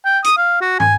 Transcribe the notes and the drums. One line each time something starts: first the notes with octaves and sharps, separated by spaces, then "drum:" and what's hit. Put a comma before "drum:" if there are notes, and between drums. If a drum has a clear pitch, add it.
G5
D#6, drum: hi-hat
F5
F#4
G#5, drum: tom